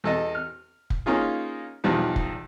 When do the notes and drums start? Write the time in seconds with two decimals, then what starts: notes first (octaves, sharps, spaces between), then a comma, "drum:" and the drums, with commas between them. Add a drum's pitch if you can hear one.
0.04 E2 A4 D#5
0.35 F6
0.90 drum: kick F1
1.06 A#3 C#4 D#4 F4 G#4
1.84 B1 E2 F3 G3 D#4
2.16 drum: kick F1